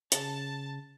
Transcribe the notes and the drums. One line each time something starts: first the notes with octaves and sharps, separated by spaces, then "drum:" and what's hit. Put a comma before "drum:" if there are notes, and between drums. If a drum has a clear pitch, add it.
C#3 A5, drum: hi-hat